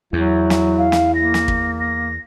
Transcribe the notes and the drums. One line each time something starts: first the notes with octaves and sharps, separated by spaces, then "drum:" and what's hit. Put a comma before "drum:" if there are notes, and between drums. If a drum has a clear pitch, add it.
E2 F#3 E4
drum: snare
F5
drum: snare
A#3 A#6
drum: snare
drum: kick
A#6